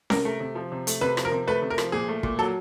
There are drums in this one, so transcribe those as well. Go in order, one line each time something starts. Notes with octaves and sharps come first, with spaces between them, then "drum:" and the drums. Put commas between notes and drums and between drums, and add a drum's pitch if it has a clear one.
C3 A#4, drum: snare C#4
A3
C3
F3
C3
A3, drum: hi-hat
C3 B4
F3, drum: rim click
A#4
C3
A3 B4
C3
A#4
F3, drum: rim click
A#2 G#4
A3
A#2, drum: kick
F#3 A4